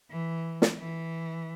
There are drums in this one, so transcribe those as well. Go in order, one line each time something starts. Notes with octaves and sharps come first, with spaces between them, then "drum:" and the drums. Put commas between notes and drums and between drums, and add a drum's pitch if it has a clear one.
E3
drum: snare
E3